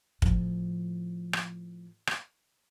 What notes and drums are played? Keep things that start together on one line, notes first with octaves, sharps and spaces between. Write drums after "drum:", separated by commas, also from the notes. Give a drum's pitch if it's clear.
A2 F3, drum: kick
drum: rim click
drum: rim click